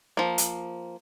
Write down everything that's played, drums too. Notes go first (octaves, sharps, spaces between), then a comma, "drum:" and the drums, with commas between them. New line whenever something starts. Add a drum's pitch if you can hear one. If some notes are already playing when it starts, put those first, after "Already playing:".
F3 A#3
drum: hi-hat